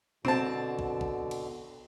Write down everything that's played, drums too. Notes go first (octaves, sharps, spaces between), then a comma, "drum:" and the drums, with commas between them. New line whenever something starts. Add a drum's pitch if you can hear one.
B2 D3 C4 A5, drum: tom B2
drum: kick
drum: kick
drum: cymbal